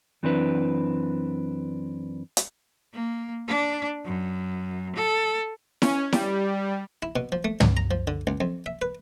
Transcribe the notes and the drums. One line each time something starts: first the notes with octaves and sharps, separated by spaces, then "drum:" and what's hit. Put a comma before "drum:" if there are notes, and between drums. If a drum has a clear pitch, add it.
F#2 E3 C4 D4 G#4 B4
drum: hi-hat
A#3
D4
F#2
A4
C#4, drum: snare E4
G3, drum: snare E4
E4
B2
F3
A3
C#2, drum: tom
A#5
F3
D3
C#2
F2
E5
B4